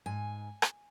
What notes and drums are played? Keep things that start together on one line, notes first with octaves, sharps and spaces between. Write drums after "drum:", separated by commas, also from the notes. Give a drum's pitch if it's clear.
G#2 G#5
drum: rim click